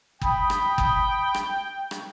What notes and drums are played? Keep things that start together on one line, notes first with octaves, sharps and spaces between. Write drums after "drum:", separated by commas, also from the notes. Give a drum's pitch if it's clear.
G5 B5 D#6, drum: kick
drum: rim click
drum: kick
drum: rim click
drum: rim click